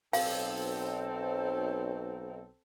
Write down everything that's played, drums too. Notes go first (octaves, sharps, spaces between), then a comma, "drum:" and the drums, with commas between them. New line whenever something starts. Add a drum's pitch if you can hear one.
B1 C4 A4 C5 F5, drum: open hi-hat